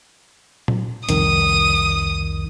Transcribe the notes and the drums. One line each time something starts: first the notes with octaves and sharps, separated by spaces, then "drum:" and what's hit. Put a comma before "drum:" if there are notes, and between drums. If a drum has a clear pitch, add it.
drum: tom A#2
C2 F2 D#3 D#6, drum: hi-hat